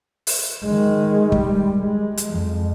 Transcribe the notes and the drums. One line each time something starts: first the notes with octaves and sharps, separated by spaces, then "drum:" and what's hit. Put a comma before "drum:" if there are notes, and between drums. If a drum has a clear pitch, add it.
drum: open hi-hat
D#3 G#3
G3, drum: kick
G#3
drum: hi-hat
F2